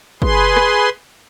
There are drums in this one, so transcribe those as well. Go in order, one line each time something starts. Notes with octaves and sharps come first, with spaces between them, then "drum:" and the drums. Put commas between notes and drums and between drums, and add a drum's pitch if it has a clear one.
G#4 B4 C6, drum: kick
drum: rim click